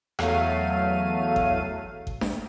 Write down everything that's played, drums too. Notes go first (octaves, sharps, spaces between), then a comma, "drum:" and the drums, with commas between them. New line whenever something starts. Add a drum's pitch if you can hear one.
E2 F#3 A3 F5 D#7, drum: rim click
drum: kick G#1
drum: kick G#1
drum: snare D4